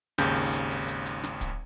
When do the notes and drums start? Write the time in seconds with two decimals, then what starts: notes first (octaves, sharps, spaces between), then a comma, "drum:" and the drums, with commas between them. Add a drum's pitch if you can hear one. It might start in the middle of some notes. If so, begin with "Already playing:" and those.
0.18 G#1 D#2 C#3 G6, drum: snare
0.36 drum: hi-hat
0.53 drum: hi-hat
0.71 drum: hi-hat
0.88 drum: hi-hat
1.06 drum: hi-hat
1.23 drum: snare
1.41 drum: kick, hi-hat